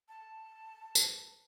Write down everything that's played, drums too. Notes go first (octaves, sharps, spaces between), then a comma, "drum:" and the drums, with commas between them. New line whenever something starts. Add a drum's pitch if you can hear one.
A5
drum: tambourine